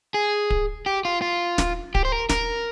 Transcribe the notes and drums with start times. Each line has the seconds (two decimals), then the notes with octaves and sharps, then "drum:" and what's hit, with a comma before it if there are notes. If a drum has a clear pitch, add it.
0.14 G#4
0.50 drum: kick D1
0.86 G4
1.05 F4
1.22 F4
1.58 drum: snare
1.95 G4, drum: kick D1
2.05 C5
2.12 A#4
2.29 A#4, drum: snare